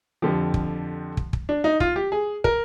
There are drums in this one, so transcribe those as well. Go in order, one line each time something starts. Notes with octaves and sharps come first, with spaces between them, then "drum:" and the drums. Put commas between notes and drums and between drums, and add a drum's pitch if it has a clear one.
F2 D3 F3 G4
drum: kick
drum: kick
drum: kick
D4
D#4
F4, drum: kick
G4
G#4
A#4, drum: kick